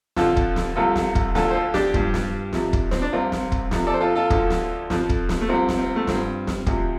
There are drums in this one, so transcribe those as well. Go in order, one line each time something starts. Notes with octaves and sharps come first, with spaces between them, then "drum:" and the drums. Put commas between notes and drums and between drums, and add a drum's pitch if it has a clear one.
F2 D3 F3 F4 A4, drum: snare
drum: kick
drum: snare
C2 C3 F3 F4 A4
drum: snare
drum: kick
D2 D3 F3 F4 A4, drum: snare
C5
F4 A4
D4 G4, drum: snare
G2 F3, drum: kick
drum: snare
F2 C3 F3, drum: snare
drum: kick
C4, drum: snare
D4
C2 C3 F3 C4 F4
drum: snare
drum: kick
F2 C3 F3, drum: snare
A4 D5
C5
F4 A4
F4 A4
D2 D3 F3, drum: kick
drum: snare
F2 F3, drum: snare
drum: kick
drum: snare
A3
C2 C3 F3 C4
drum: snare
C4
A3
G2 F3 C4, drum: snare
drum: snare
D2 C3 F3, drum: kick